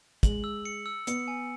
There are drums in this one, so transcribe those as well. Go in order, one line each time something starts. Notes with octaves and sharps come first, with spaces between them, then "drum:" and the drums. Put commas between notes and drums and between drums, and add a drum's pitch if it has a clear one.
G#3 F#7, drum: kick, hi-hat
E6
C#7
E6
B3 C#7, drum: hi-hat
G#5